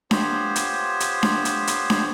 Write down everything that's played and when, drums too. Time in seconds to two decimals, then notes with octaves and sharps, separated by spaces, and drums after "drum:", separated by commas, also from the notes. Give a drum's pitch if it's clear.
0.11 B3 F4 G4 C5 C#5, drum: snare D4
0.56 drum: hi-hat
1.00 drum: hi-hat
1.23 drum: snare D4
1.45 drum: hi-hat
1.67 drum: hi-hat
1.90 drum: snare D4